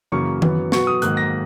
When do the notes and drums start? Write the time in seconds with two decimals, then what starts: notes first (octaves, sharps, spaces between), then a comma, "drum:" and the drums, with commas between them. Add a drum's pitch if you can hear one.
0.12 F#2 C#3 E3 A#3 C#4 C#6
0.42 F#2 E3 B3, drum: tom D#3
0.72 B2 F#3 B3 C#6, drum: snare
0.87 D#6
1.02 G#2 D#3 F#3 A#3 F#6, drum: hi-hat
1.17 A#6